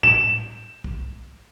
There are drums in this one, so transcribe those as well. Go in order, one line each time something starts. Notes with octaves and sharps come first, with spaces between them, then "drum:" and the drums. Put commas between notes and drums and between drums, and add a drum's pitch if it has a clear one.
E7, drum: tom A2
drum: kick